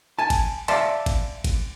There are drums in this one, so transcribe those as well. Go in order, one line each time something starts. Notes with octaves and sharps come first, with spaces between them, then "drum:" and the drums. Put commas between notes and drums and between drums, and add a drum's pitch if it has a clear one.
G#5 A5
drum: kick G#1, cymbal
D5 E5 F5 A5 C6, drum: cymbal
drum: kick G#1, cymbal
drum: kick G#1, cymbal